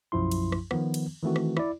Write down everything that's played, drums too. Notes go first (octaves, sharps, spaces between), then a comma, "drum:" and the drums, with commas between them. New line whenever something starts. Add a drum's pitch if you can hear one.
B1 F#2 F3 E4 C6
drum: cymbal
drum: rim click
D#3 F3 B3, drum: rim click
drum: cymbal
D#3 E3 A3 C4 F#4
drum: rim click
E4 D5, drum: rim click